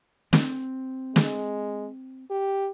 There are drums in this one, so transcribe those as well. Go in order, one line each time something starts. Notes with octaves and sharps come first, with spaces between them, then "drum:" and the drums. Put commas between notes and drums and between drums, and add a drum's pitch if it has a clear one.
C4, drum: snare
G#3, drum: snare
G4